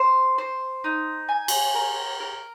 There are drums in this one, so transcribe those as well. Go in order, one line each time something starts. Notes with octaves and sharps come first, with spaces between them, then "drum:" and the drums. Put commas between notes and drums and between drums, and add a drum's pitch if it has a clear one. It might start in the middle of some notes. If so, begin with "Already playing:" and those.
Already playing: C5
C5
D#4
G#5
drum: cymbal
A#4
A#4